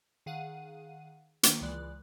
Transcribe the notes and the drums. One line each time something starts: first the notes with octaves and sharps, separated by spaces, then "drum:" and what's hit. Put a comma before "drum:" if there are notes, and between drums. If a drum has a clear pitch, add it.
D#3 G#4 F5 F#5 D#7
D#3 A#3, drum: hi-hat
C#2 E3 G#3 D5 F#6